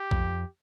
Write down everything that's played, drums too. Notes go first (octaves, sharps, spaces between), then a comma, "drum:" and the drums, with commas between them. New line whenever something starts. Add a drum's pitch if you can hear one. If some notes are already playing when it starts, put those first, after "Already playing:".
Already playing: G4
F2, drum: kick